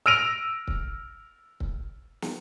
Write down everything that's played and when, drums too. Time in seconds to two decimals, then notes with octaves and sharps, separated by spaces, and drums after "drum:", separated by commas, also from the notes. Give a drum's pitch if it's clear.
0.06 E6 F6 A#6 D7 D#7 F7
0.68 drum: kick C#1
1.60 drum: kick C#1
2.22 drum: snare